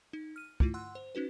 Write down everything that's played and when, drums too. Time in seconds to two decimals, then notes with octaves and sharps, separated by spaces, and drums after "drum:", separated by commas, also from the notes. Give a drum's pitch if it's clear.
0.13 D#4
0.36 F6 D#7
0.60 A3 E4 F4, drum: kick
0.74 F#5 C6 E6 F#6
0.95 C5
1.15 C#4 D#4 F#4 B4